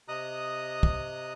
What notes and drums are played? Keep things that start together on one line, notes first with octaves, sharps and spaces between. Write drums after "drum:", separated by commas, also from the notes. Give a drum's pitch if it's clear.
C3 D#5 A#5 D#6 F#6
drum: kick